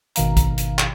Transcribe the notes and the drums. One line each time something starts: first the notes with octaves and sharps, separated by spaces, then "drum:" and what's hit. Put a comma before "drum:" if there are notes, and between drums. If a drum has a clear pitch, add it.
G#1 B2 D#3 F5 A#5, drum: hi-hat
drum: kick B1, hi-hat
drum: hi-hat
drum: clap